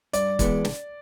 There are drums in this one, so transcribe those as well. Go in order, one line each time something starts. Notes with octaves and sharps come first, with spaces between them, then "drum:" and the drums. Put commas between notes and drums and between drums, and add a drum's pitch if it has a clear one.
G2 D5, drum: hi-hat
E3 G#3 B3, drum: kick, hi-hat
drum: snare